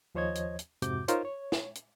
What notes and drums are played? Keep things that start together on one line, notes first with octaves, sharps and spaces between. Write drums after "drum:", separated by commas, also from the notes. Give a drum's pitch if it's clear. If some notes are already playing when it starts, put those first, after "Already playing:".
D#2 F3 C5 C#5 D#5 G#6
drum: hi-hat
drum: hi-hat
F2 G#2 C3 F#4 D6 G6, drum: hi-hat
D#4 F4 A#4 C5 C#5, drum: hi-hat
C#5
drum: snare
drum: hi-hat